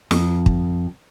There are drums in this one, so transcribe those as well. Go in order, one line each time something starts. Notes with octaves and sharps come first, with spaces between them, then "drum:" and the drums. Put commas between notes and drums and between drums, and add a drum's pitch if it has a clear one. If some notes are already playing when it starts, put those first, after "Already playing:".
F2, drum: snare
drum: kick